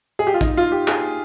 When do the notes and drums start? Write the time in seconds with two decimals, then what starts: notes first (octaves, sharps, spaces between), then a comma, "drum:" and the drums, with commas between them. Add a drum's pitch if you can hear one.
0.19 G#4
0.27 G4
0.34 F4
0.41 D#4, drum: kick, hi-hat
0.57 F4
0.72 G4
0.88 G#4, drum: clap